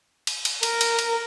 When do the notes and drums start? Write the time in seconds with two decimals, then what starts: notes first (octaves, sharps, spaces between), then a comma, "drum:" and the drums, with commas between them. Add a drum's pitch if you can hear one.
0.27 drum: cymbal
0.45 drum: cymbal
0.63 A#4, drum: cymbal
0.81 drum: cymbal
0.99 drum: cymbal